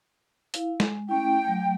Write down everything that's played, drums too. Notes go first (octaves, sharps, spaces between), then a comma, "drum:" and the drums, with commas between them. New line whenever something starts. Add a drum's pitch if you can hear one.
E4 F5, drum: hi-hat
G#3, drum: snare
A3 C#4 E4 G5
F#3 A3